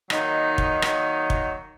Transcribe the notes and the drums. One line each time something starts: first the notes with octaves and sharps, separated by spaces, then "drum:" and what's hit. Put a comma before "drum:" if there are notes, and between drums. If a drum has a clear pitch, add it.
D#3 F#3 A#3 D#4, drum: rim click
drum: kick
D#3 F#3 A#3 D#4, drum: rim click
drum: kick